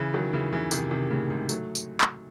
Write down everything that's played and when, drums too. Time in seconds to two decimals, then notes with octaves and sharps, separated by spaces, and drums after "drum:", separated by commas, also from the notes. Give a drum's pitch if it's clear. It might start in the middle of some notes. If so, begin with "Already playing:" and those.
Already playing: C#3 E3
0.14 D#3 F#3
0.33 C#3 E3
0.53 C#3 E3
0.71 C3 D#3, drum: tambourine
0.91 C3 D#3
1.10 A2 C#3
1.30 G#2 C3
1.49 F#3 A3, drum: tambourine
1.75 drum: tambourine
2.01 drum: clap